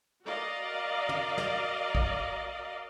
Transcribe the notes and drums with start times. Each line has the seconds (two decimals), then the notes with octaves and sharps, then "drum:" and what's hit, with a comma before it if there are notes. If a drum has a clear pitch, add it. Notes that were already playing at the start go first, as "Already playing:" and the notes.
0.23 F#4 A#4 D5 D#5 F5
1.09 drum: tom
1.38 drum: snare
1.95 drum: kick